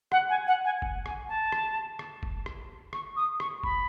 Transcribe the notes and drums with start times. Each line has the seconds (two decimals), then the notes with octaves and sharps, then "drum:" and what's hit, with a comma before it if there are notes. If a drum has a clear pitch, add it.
0.12 F#5, drum: rim click
0.29 G#5
0.47 F#5
0.64 G#5
0.82 drum: kick F#1
1.06 G#5, drum: rim click
1.29 A5
1.52 drum: rim click
1.99 drum: rim click
2.23 drum: kick F#1
2.46 drum: rim click
2.93 C#6, drum: rim click
3.16 D#6
3.40 C#6, drum: rim click
3.63 B5, drum: kick F#1